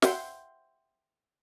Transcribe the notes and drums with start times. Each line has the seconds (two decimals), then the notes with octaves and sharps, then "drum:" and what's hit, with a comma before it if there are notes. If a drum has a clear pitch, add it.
0.02 E5 F#5 G5 C6, drum: snare